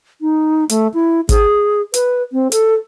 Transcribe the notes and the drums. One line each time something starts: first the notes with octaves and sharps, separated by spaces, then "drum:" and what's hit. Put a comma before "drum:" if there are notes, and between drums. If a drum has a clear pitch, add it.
D#4
A3, drum: hi-hat
E4
G#4, drum: kick, hi-hat
B4, drum: hi-hat
C4
A4, drum: hi-hat